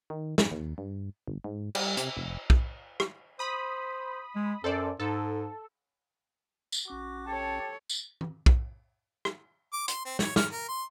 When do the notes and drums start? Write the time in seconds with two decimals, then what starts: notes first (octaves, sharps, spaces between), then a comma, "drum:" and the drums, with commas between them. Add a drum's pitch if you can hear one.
0.10 D#3
0.38 F#2, drum: snare
0.51 D#2
0.78 G2
1.28 G1
1.44 G#2
1.75 G3, drum: cymbal
1.97 C3, drum: hi-hat
2.17 F1
2.50 drum: kick
3.00 drum: rim click
3.39 C5 B5 D#6
4.36 G#3
4.64 F#2 A4 C5 D5
5.00 G#2 A4
6.72 drum: tambourine
6.88 A#1 C#4 F#4 D6
7.27 G4 A4 C#5 A5
7.90 drum: tambourine
8.21 drum: tom E3
8.46 drum: kick
9.25 drum: rim click
9.73 D6
9.88 C6, drum: hi-hat
10.05 C4
10.19 C#5, drum: snare
10.36 F6, drum: snare
10.52 A#4
10.68 C6